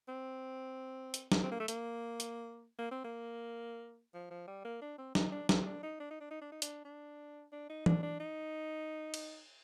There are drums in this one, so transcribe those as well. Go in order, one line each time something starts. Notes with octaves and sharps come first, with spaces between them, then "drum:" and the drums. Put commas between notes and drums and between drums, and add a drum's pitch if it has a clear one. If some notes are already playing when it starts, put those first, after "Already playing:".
C4
drum: hi-hat
drum: snare
C4
A#3
A3
A#3, drum: hi-hat
drum: hi-hat
A#3
C4
A#3
F3
F3
G3
A#3
D4
C4
D#4, drum: snare
D4
C4, drum: snare
D4
D#4
D4
D#4
D4
D#4
D4
D#4
D4, drum: hi-hat
D4
D4
D#4
D4, drum: tom E3
D4
D#4
drum: cymbal